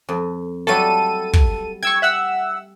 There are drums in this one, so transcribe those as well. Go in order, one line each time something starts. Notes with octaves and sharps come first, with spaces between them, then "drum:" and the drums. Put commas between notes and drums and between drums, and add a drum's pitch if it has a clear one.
F2
F#3 G3 A3 A4 D#7
drum: kick
G5 C#6 E6 G#6
E5 F#5 E6